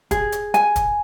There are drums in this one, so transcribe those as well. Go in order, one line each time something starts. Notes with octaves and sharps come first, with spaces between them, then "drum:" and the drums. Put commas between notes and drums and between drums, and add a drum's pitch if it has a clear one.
G#4, drum: kick, hi-hat
drum: hi-hat
G#5, drum: hi-hat
drum: kick, hi-hat